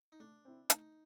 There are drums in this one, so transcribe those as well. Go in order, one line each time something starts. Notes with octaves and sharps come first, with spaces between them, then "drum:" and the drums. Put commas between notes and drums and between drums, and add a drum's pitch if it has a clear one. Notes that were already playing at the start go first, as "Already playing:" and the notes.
D#4
A3 D4
C4 E4
A3 D#4, drum: hi-hat